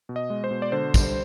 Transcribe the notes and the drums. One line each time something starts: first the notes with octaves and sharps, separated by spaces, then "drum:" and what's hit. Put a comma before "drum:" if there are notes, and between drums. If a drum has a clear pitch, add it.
B2
D#5
G#3
C5
B2
D5
D3 C5
G3, drum: kick, tambourine